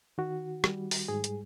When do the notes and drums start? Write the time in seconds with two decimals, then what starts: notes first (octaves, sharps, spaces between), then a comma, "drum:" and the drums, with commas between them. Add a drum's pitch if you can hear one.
0.18 D#3 F#4
0.64 G3, drum: rim click
0.91 drum: open hi-hat
1.08 G#2 G#4
1.24 drum: hi-hat